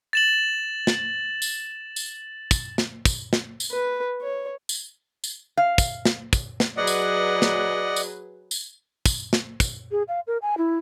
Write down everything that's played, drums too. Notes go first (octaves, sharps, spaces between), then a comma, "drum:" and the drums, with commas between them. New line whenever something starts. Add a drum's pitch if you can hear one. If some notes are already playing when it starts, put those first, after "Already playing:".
A6 E7 F#7
drum: snare
drum: tambourine
drum: tambourine
drum: kick, tambourine
drum: snare
drum: kick, tambourine
drum: snare
drum: tambourine
B4
C#5
drum: tambourine
drum: tambourine
F5
drum: kick, tambourine
drum: snare
drum: kick, tambourine
drum: snare
F#3 G#4 B4 D5 D#5 F#5
drum: tambourine
drum: snare
drum: tambourine
drum: tambourine
drum: kick, tambourine
drum: snare
drum: kick, tambourine
G#4
F5
A#4
G#5
E4